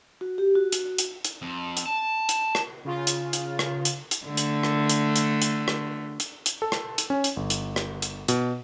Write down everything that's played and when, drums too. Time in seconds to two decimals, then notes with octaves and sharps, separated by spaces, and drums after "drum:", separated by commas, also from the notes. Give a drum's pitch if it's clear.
0.21 F#4
0.38 G4
0.55 F#4
0.72 drum: hi-hat
0.98 drum: hi-hat
1.25 drum: hi-hat
1.42 F2
1.77 drum: hi-hat
1.86 A5
2.29 drum: hi-hat
2.55 drum: rim click
2.85 C#3 F4
3.07 drum: hi-hat
3.33 drum: hi-hat
3.59 drum: rim click
3.85 drum: hi-hat
4.11 drum: hi-hat
4.26 D3 A3
4.37 drum: hi-hat
4.63 drum: rim click
4.90 drum: hi-hat
5.16 drum: hi-hat
5.42 drum: hi-hat
5.68 drum: rim click
6.20 drum: hi-hat
6.46 drum: hi-hat
6.62 A4
6.72 drum: rim click
6.98 drum: hi-hat
7.10 C#4
7.24 drum: hi-hat
7.37 G1
7.50 drum: hi-hat
7.76 drum: rim click
8.02 drum: hi-hat
8.28 B2, drum: hi-hat